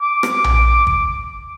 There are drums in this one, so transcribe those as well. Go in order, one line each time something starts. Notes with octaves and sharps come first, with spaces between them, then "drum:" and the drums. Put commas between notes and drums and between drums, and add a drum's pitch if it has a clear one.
D6
drum: rim click
drum: tom A#1
drum: kick